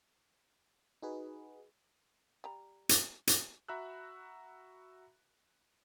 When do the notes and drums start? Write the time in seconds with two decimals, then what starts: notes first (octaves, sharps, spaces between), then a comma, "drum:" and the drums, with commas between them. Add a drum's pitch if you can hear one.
1.02 D#4 F#4 G#4 B4
2.44 G3 A#5
2.89 drum: hi-hat
3.27 drum: hi-hat
3.68 F#4 E5 A#5 B5 E6 F#6